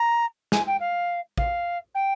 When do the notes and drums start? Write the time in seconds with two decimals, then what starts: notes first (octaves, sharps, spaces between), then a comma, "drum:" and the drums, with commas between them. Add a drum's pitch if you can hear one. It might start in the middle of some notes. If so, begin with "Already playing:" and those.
Already playing: A#5
0.52 G#5, drum: snare
0.66 G5
0.80 F5
1.38 F5, drum: kick
1.94 G5